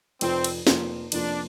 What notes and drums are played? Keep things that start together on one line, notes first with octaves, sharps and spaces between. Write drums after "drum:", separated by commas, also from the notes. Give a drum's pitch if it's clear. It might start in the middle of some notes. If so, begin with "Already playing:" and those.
F1 F2 F3 C4, drum: cymbal
drum: cymbal
F1 F2 F3 A#3 F4, drum: snare
F1 F2 F3 A#3 D4 F4, drum: cymbal